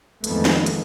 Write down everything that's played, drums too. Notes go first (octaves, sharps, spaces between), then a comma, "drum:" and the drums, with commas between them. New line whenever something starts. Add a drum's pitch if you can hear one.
F2 D#3 E3 G#3 A3 B3, drum: hi-hat
drum: snare
drum: hi-hat